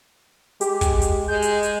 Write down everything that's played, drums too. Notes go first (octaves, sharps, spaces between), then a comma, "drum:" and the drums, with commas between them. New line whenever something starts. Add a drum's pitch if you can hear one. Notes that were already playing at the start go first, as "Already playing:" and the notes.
G#3 G4, drum: hi-hat
drum: kick, hi-hat
drum: hi-hat
G#3 G6
drum: hi-hat
drum: hi-hat